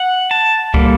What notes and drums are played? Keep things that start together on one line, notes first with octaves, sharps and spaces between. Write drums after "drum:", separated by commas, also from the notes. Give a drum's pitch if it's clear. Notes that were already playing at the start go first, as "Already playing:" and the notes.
Already playing: F#5
A5
D3 G3 A#3, drum: kick